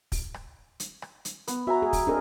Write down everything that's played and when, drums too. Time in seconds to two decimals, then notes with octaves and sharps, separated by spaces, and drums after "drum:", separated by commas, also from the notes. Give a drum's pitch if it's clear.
0.12 drum: kick, open hi-hat
0.34 drum: rim click
0.80 drum: hi-hat
1.02 drum: rim click
1.25 drum: hi-hat
1.48 B3, drum: hi-hat
1.67 F#4 E5 G#5 A#5
1.82 G#4
1.93 drum: kick, open hi-hat
2.07 C4 D4 G#4 A#4 D#5